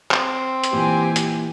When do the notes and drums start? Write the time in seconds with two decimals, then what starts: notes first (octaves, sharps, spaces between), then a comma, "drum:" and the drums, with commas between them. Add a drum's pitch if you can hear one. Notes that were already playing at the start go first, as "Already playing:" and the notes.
0.11 C4, drum: clap
0.64 drum: hi-hat
0.73 A#2 E3 G4 G#5
1.16 drum: hi-hat